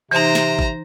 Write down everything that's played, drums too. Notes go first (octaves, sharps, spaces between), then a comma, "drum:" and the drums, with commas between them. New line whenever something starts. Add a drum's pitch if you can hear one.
C3 E3 D#4 C5 A#5
drum: snare
drum: kick